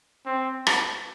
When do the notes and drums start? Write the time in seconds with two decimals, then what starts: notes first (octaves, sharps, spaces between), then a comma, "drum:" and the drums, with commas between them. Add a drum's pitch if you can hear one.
0.26 C4
0.67 drum: rim click